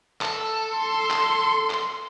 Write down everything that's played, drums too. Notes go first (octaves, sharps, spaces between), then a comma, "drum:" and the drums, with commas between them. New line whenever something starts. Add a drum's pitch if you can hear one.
A4, drum: clap
C6
drum: clap
drum: clap